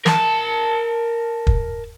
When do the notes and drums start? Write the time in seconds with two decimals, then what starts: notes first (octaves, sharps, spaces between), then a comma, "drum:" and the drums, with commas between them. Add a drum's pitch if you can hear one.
0.06 A#4 A5, drum: snare
1.47 drum: kick